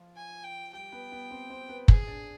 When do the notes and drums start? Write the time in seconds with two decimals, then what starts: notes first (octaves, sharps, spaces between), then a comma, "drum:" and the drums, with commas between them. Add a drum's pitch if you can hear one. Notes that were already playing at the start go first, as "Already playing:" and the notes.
Already playing: F3 F4
0.16 G#5
0.44 G5
0.73 G3 G4 G5
0.92 B3 B4
1.12 B3 B4
1.31 C4 C5
1.50 C4 C5
1.69 B3 B4
1.88 G#4, drum: kick
2.07 D4 D5